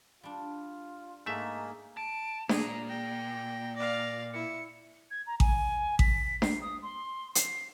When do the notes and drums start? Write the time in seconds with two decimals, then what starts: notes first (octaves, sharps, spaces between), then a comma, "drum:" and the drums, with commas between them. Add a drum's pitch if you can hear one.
0.23 G3 D4 F4
1.26 G#2 A3 A#3 D#4 G#4 E5
1.97 A5 D7
2.49 A#2 G#4 A#5, drum: snare D4
2.89 G5 A#6
3.76 D5 F5 A#6
4.33 E4 C#7
5.11 G#6
5.27 A#5
5.40 G#5, drum: kick A1
5.99 B6, drum: kick A1
6.42 C7, drum: snare D4
6.62 D#6
6.82 C6
7.35 C7, drum: hi-hat